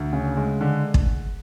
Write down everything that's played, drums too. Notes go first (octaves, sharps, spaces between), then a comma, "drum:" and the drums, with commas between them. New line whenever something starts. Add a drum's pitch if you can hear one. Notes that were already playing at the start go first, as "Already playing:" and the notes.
Already playing: D2
C#3
G#3
D3
drum: kick